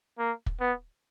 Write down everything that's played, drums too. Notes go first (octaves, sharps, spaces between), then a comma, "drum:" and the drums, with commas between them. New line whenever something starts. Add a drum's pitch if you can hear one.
A#3
drum: kick
B3